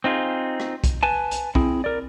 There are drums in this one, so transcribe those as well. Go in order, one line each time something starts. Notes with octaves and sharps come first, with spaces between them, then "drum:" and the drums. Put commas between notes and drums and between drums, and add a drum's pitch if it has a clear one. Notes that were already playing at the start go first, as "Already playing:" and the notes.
C4 D#4 F4 G#4
drum: rim click
drum: kick B1, hi-hat
B4 G#5 A5
drum: hi-hat
C4 E4 G#4, drum: kick B1
A#4 D5